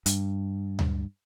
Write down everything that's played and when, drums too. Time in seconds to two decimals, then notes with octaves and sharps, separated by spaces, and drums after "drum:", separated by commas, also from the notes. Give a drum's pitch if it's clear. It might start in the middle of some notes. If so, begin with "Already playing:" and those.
0.06 G2, drum: hi-hat
0.79 drum: tom D2